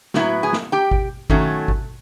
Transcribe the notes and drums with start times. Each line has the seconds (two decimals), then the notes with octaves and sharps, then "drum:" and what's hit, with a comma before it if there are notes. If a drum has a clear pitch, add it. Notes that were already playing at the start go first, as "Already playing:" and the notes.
0.14 A2 F#3 B3 E4, drum: snare
0.43 G#4 G#5
0.53 drum: snare
0.72 G4 G5
0.91 drum: kick G#1
1.30 D#3 F#3 A3 C#4, drum: kick G#1
1.68 drum: kick G#1